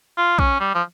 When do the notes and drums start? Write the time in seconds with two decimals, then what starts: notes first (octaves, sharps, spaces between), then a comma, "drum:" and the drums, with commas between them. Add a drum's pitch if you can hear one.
0.17 F4
0.39 C#4, drum: kick A#1
0.60 G3
0.74 F3